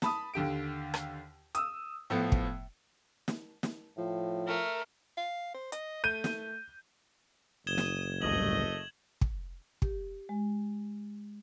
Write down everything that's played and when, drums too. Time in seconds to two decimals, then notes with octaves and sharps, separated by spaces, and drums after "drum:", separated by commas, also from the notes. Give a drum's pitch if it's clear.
0.02 A5 B5 D#6, drum: snare
0.34 D#2 D3 G4 D7
0.94 drum: rim click
1.55 D#6 E6, drum: hi-hat
2.10 A2 F3 B3 A4
2.32 drum: kick
3.28 drum: snare
3.63 drum: snare
3.98 A2 F3
4.46 A3 A#4
5.17 F5
5.54 C5
5.72 D#5, drum: hi-hat
6.04 A3 G6 D#7
6.24 drum: snare
7.67 F#1 D#6 G#6 E7 G7
7.78 drum: snare
8.22 A1 D2 G2 A3 D#5 F#7
9.21 drum: kick
9.82 G4, drum: kick
10.29 G#3